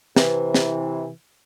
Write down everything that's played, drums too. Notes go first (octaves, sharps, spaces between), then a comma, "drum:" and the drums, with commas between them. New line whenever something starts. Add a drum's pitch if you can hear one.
C3 E3, drum: snare
drum: snare